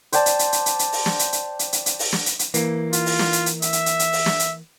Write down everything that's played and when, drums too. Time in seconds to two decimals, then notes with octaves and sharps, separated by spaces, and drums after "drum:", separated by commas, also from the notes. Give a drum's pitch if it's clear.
0.12 C5 D5 G5 A5, drum: hi-hat
0.26 drum: hi-hat
0.39 drum: hi-hat
0.53 drum: hi-hat
0.66 drum: hi-hat
0.79 drum: hi-hat
0.93 drum: open hi-hat
1.06 drum: snare
1.19 drum: hi-hat
1.33 drum: hi-hat
1.59 drum: hi-hat
1.73 drum: hi-hat
1.86 drum: hi-hat
1.99 drum: open hi-hat
2.13 drum: snare
2.26 drum: hi-hat
2.39 drum: hi-hat
2.54 E3 A#3, drum: hi-hat
2.93 F4, drum: hi-hat
3.06 drum: open hi-hat
3.19 drum: snare
3.33 drum: hi-hat
3.46 drum: hi-hat
3.62 E5, drum: hi-hat
3.73 drum: hi-hat
3.86 drum: hi-hat
3.99 drum: hi-hat
4.13 drum: open hi-hat
4.26 drum: snare
4.39 drum: hi-hat